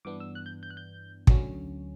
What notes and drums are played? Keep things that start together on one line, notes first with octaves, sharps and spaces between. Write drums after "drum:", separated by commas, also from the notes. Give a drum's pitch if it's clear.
G2 E3 B3 D4 D6
E6
F#6
G6
G6
F#6
G6
D2 D3 F#3 C#4, drum: kick